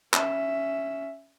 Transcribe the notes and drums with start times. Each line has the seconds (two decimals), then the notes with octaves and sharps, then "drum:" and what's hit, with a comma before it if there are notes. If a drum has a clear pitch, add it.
0.13 C#4 E5, drum: clap